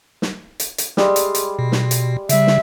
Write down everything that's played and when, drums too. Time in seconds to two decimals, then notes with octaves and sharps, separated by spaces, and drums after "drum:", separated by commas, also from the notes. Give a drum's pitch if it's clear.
0.22 drum: snare
0.60 drum: hi-hat
0.78 drum: hi-hat
0.97 G3 G#3, drum: snare
1.16 drum: hi-hat
1.35 drum: hi-hat
1.59 B2
1.72 drum: snare
1.91 drum: hi-hat
2.29 C#3 G3 E5, drum: hi-hat
2.47 drum: snare